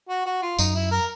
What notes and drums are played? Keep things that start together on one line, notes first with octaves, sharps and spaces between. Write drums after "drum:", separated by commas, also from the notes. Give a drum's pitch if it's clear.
F#4
F#4
F4
F#2 D#4, drum: tambourine
E4
A#4